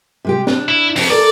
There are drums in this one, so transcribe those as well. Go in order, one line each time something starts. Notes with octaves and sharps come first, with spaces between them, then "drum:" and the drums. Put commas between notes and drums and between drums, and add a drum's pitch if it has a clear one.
C3 G#3 G4
D4, drum: snare
E4
F2, drum: open hi-hat
A4 A#4 D5